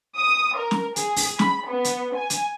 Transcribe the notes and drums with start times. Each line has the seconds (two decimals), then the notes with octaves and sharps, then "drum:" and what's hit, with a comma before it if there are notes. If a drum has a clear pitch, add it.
0.16 D#6
0.57 A#4
0.71 drum: snare
0.96 G#4, drum: hi-hat
1.16 drum: open hi-hat
1.39 B5, drum: snare
1.69 B3
1.84 drum: hi-hat
2.15 G#5
2.30 drum: hi-hat